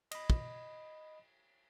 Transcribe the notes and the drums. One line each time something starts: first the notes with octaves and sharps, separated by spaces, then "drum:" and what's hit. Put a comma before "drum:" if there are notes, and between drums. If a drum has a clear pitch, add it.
D#5 B5, drum: cymbal
drum: kick